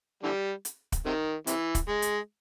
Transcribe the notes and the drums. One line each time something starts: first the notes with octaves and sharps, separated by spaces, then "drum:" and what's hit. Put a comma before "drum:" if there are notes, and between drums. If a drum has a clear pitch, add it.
D3 E3 G3
drum: hi-hat
drum: kick, hi-hat
C3 D#3
C3 E3, drum: hi-hat
drum: kick, hi-hat
G#3
drum: hi-hat